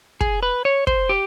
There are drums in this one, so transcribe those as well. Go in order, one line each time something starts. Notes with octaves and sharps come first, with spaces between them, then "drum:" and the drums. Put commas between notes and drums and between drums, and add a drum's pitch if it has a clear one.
G#4, drum: kick
B4
C#5
C5, drum: kick
G4